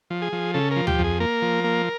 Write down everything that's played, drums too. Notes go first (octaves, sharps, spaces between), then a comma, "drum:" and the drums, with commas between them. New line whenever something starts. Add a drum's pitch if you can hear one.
F3
G#4
F3
C#3 A4
A#4
F3
G4, drum: tom D2
F2
G#4
A#3 A#4
F3
A#3